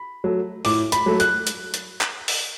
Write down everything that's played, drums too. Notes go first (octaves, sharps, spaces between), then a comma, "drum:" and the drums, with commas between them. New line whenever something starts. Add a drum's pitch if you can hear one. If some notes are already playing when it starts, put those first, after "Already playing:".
Already playing: B5
F#3 A3
A2 D6, drum: open hi-hat
B5, drum: hi-hat
F#3 A3
F#6, drum: hi-hat
drum: hi-hat
drum: hi-hat
drum: clap
drum: open hi-hat